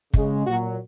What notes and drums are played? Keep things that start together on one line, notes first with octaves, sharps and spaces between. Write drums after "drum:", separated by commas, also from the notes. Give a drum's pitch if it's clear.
C#3 G#3, drum: kick
A#2 F#3 F#4